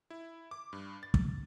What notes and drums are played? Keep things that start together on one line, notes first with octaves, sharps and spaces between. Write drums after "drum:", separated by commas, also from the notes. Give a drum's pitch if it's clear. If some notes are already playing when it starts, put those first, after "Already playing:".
E4
D6
G2
A6
drum: kick